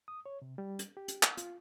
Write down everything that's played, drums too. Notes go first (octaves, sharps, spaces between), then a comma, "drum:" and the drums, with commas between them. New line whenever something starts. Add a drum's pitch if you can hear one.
D#6
C#5
C3
G3
drum: hi-hat
G4
drum: hi-hat
drum: clap
F4, drum: hi-hat